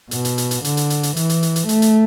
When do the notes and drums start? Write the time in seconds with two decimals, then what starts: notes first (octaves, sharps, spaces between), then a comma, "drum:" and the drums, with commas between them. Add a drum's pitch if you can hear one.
0.11 B2, drum: hi-hat
0.25 drum: hi-hat
0.38 drum: hi-hat
0.51 drum: hi-hat
0.65 D3, drum: hi-hat
0.77 drum: hi-hat
0.90 drum: hi-hat
1.03 drum: hi-hat
1.16 E3, drum: hi-hat
1.29 drum: hi-hat
1.43 drum: hi-hat
1.56 drum: hi-hat
1.69 A3, drum: hi-hat
1.82 drum: hi-hat